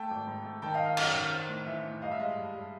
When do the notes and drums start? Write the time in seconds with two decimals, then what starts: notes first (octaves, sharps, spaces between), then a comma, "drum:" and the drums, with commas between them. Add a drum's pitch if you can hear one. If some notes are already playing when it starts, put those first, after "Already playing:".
Already playing: A3 G5 A5
0.10 G#1
0.27 G#2
0.44 A3
0.62 D#3 G5 A5
0.74 D#5 F5
0.79 D#3
0.85 D#5 F5
0.97 F#2 D#5, drum: cymbal
1.15 D#3
1.32 C4
1.49 A2
1.66 E3 E5
1.85 A2
2.02 G2 D#5 F5
2.11 E5
2.19 G#3 D#5 F5
2.37 G2
2.54 G2